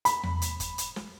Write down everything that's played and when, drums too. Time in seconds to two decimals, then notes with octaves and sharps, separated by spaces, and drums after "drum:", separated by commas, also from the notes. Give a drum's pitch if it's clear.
0.05 B5, drum: hi-hat
0.23 drum: tom E2
0.42 drum: hi-hat
0.60 drum: kick, hi-hat
0.78 drum: hi-hat
0.96 drum: snare